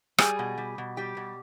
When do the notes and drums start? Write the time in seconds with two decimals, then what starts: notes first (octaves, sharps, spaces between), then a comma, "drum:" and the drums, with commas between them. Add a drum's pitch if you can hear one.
0.18 G3 G#4, drum: rim click
0.39 B2
0.58 G3
0.78 B2
0.97 G3 G4
1.17 B2